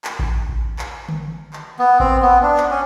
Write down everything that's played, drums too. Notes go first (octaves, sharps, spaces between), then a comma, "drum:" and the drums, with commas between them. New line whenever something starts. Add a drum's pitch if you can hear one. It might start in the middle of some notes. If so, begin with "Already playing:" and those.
drum: clap
drum: kick A1
drum: kick A1
drum: clap
drum: tom D3
drum: clap
B3
C4, drum: kick A1
B3
D4
drum: clap
C#4